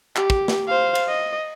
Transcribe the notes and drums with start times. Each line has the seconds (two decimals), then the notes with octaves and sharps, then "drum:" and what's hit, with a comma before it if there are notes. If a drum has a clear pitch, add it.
0.16 G4, drum: clap
0.30 drum: kick
0.48 drum: snare
0.68 C5 F5
0.95 drum: cymbal
1.08 D#5